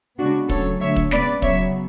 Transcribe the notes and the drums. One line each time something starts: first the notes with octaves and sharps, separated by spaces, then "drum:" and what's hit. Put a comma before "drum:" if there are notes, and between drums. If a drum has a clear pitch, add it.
C#3 G#3 B3 D4 F#4
C#3 F#3 A3 A4 C#5, drum: kick
D3 A3 C#5 E5
drum: kick
C#3 G#3 B3 B4 D5, drum: snare
C#3 F#3 B3 C#5 E5, drum: kick